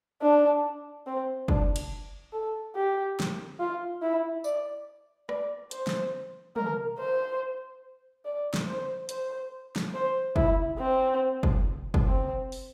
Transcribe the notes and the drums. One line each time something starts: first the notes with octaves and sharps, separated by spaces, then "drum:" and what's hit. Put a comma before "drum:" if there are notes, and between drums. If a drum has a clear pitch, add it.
D4
C4
D4, drum: kick
drum: cymbal
A4
G4
drum: snare
F4
E4
D5, drum: tambourine
D5, drum: rim click
C5, drum: hi-hat
drum: snare
A#4, drum: tom
C5
D5
drum: snare
C5
C5, drum: hi-hat
drum: snare
C5
E4, drum: kick
C4
drum: kick
drum: kick
C4
drum: open hi-hat